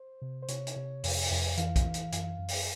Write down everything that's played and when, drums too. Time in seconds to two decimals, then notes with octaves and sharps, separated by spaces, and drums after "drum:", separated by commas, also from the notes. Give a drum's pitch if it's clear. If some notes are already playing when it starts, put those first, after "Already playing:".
Already playing: C5
0.22 C3
0.42 C5
0.48 C3 C#5, drum: hi-hat
0.67 drum: hi-hat
0.76 C3
1.04 F2, drum: open hi-hat
1.21 drum: open hi-hat
1.31 F2
1.57 E3 F5, drum: hi-hat
1.76 drum: kick, hi-hat
1.85 E3
1.94 drum: hi-hat
2.12 F#2, drum: hi-hat
2.39 F#2
2.48 drum: open hi-hat